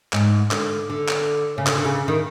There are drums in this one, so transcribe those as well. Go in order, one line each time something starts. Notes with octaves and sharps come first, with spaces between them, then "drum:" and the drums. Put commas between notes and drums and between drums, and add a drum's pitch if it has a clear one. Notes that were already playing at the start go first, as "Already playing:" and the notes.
G#2, drum: clap
D3, drum: clap
D3
drum: clap
C#3
D3, drum: clap
D3
C#3
D#3